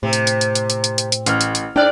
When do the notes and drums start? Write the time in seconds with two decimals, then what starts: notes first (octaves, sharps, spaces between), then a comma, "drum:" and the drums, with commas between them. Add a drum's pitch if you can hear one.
0.03 A2 C3
0.13 drum: hi-hat
0.27 drum: hi-hat
0.41 drum: hi-hat
0.55 drum: hi-hat
0.70 drum: hi-hat
0.84 drum: hi-hat
0.98 drum: hi-hat
1.12 drum: hi-hat
1.26 A1 F6, drum: hi-hat
1.41 drum: hi-hat
1.55 drum: hi-hat
1.76 G#2 D4 D5 G5 F6 F#6